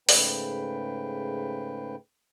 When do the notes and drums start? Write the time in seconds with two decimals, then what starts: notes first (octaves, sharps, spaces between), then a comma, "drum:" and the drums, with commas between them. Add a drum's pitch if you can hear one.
0.09 G#2 C#3 A3 B4 G5, drum: open hi-hat